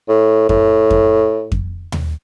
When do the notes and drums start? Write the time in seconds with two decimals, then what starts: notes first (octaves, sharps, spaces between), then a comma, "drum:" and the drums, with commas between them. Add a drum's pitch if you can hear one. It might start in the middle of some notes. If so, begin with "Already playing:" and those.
0.08 A2
0.49 A2, drum: kick F2
0.90 drum: kick F2
1.52 drum: kick F2
1.92 drum: tom D#2